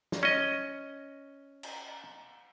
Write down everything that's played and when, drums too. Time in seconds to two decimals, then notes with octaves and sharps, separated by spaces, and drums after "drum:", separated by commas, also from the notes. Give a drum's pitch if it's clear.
0.12 drum: snare
0.23 C#4 D#5
1.63 drum: cymbal